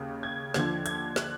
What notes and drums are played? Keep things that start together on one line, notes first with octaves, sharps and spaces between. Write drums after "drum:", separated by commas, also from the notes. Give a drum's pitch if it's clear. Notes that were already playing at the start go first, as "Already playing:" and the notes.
Already playing: D#2 C#3
G#6
D#2 D3 F3 G#6, drum: snare
G#6, drum: hi-hat
F#6, drum: snare